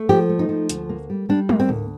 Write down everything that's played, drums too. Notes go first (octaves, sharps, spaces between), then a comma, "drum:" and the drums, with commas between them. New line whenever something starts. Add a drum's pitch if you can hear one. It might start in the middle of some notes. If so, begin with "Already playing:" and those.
Already playing: A3
F3 G4
A3
D#4
F3
D2, drum: hi-hat
A#3
G3
G3 D4
A#3, drum: tom
C4
D2, drum: tom G#2